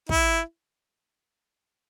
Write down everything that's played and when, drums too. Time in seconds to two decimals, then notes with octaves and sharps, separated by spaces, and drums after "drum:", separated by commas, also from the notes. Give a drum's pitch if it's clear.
0.09 E4, drum: kick